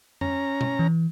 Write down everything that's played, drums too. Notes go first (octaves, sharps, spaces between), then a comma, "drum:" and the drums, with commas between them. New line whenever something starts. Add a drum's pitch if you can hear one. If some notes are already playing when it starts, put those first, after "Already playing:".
C#4 A#5, drum: tom F2
drum: tom B2
E3